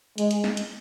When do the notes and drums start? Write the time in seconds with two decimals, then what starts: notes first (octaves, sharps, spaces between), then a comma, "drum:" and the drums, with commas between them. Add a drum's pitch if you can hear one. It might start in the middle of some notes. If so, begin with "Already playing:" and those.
0.18 G#3, drum: hi-hat
0.31 drum: hi-hat
0.44 drum: snare
0.57 drum: hi-hat